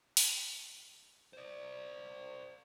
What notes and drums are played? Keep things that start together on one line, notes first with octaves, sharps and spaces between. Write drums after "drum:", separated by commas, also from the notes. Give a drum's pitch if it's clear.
drum: open hi-hat
C5 D5